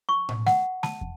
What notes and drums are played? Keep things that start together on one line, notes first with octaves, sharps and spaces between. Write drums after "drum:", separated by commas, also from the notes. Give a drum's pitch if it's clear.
C#6
drum: tom A2
F#5, drum: snare
A5, drum: snare
drum: kick